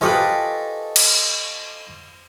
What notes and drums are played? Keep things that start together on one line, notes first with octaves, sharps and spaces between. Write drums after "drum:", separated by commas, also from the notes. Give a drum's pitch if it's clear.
F4 G4 A4 B4 C5 D#5 G#5 C#6
drum: cymbal